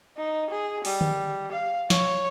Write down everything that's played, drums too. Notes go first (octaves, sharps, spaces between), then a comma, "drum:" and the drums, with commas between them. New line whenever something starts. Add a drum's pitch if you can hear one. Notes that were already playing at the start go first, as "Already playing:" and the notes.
D#4
G#4
G3, drum: open hi-hat
drum: tom D3
F5
C#5, drum: snare